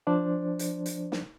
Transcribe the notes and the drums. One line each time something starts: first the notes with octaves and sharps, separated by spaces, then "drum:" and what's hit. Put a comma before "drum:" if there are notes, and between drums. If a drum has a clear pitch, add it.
F3 D4 C5 D5
drum: hi-hat
drum: hi-hat
drum: snare